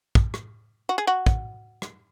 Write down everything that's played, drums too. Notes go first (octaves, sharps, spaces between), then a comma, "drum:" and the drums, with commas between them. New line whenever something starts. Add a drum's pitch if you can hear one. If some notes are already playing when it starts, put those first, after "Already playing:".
drum: kick
drum: rim click
F#4
G#4
F#4
drum: kick
drum: rim click